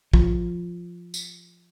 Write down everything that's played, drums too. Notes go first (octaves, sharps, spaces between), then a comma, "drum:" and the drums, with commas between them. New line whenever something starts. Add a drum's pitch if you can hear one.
F3, drum: kick
drum: tambourine